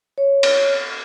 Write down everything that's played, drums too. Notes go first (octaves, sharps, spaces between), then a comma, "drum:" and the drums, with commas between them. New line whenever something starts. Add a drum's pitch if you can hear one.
C#5
drum: cymbal